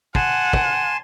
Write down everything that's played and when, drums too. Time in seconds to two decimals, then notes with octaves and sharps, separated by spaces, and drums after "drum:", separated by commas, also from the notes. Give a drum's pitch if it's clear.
0.15 F#5 G#5 A5 C6, drum: kick
0.53 drum: kick